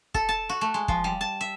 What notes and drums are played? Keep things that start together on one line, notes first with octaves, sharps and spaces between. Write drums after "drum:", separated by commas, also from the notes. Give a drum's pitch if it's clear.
A4, drum: kick
A5
F#4
A3
G#3
F3, drum: kick
G3
A5
E5